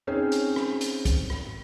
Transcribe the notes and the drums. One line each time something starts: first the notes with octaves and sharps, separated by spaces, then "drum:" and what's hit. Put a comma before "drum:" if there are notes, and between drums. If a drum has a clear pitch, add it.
C4 C#4 D#4 G#4 C5 C#5
drum: hi-hat
drum: rim click
drum: hi-hat
drum: kick, hi-hat
drum: rim click